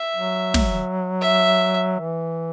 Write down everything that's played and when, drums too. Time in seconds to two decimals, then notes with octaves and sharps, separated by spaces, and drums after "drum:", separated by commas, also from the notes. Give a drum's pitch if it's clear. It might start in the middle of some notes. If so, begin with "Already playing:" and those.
Already playing: E5
0.16 F#3
0.54 drum: snare
1.21 E5
2.00 E3